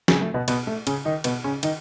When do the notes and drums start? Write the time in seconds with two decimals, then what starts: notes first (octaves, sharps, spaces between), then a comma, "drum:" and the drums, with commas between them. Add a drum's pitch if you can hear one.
0.08 C#3 C#4, drum: snare
0.21 A3
0.34 B2 B3
0.48 B2 B3, drum: cymbal
0.67 A3
0.87 C#3 C#4, drum: cymbal
1.05 D#3 D#4
1.24 B2 B3, drum: cymbal
1.44 C#3 C#4
1.63 D#3 D#4, drum: cymbal